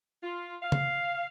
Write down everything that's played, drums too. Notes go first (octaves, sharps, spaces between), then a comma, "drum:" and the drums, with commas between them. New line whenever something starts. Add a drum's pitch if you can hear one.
F4
F5
drum: tom C#3